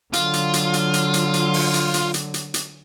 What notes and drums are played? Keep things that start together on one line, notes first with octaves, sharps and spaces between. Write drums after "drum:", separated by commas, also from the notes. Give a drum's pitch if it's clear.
D3 F#3 F4, drum: hi-hat
drum: hi-hat
drum: hi-hat
drum: hi-hat
drum: hi-hat
drum: hi-hat
drum: hi-hat
drum: open hi-hat
drum: hi-hat
drum: hi-hat
drum: hi-hat
drum: hi-hat
drum: hi-hat